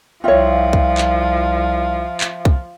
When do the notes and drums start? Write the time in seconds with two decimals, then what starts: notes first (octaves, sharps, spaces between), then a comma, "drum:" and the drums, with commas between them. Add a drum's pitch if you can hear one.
0.24 C2 F3 F4 C#5 E5 F5 G5
0.73 drum: kick
0.98 drum: clap
2.21 drum: clap
2.45 drum: kick